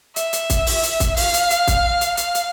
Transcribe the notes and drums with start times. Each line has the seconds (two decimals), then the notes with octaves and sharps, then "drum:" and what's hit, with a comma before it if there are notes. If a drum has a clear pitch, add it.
0.16 E5, drum: hi-hat
0.33 drum: hi-hat
0.50 drum: kick, hi-hat
0.67 drum: open hi-hat
0.83 drum: hi-hat
1.00 drum: kick, hi-hat
1.17 F5, drum: open hi-hat
1.34 drum: hi-hat
1.51 drum: hi-hat
1.68 drum: kick, hi-hat
2.01 drum: hi-hat
2.17 F5, drum: hi-hat
2.35 drum: hi-hat